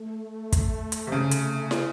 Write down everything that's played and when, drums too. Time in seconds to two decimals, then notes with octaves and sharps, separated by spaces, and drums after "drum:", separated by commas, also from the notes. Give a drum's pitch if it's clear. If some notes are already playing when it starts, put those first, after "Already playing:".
Already playing: A3
0.53 drum: kick, hi-hat
0.92 drum: hi-hat
1.07 C3
1.12 C#3
1.31 drum: hi-hat
1.71 drum: snare